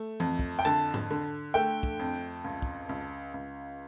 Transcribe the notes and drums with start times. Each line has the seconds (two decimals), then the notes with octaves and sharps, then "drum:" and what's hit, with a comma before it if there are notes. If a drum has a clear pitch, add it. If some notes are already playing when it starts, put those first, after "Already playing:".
Already playing: A3
0.20 F2, drum: tom E3
0.39 drum: kick
0.59 G5
0.65 D3 A5
0.94 drum: tom G#2
1.10 D3
1.54 A3 G5
1.83 drum: kick
1.99 F2
2.44 C#2
2.62 drum: kick
2.89 C#2
3.34 C#2